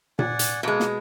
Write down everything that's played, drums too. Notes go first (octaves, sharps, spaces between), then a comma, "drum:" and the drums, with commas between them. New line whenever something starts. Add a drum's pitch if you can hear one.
D5 F#5 G#5, drum: tom A#2
drum: hi-hat
B2 G#3 A#3
drum: snare